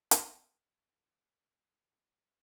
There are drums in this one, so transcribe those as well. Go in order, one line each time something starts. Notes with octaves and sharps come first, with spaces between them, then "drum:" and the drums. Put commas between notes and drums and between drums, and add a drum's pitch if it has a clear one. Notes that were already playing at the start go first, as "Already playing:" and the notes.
drum: hi-hat
F3 C4 D#4 F4 A#4 F5
G4
F4
C#4
A#3
C#3
D#3
F3
G3
F3